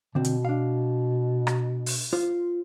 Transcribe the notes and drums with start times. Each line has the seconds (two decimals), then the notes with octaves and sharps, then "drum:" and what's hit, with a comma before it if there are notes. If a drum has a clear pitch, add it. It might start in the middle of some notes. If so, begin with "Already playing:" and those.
0.15 B2 D3 C4
0.25 drum: hi-hat
0.45 D4 F5
1.47 drum: rim click
1.86 drum: open hi-hat
2.13 F4 C5